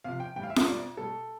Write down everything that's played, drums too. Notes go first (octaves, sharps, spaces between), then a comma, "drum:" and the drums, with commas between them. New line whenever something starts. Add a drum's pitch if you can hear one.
C3 F3 F5
G5
A2 E3 G3 G5
F5
E5
F5, drum: snare
B2 G3 D5
B2 G3 A4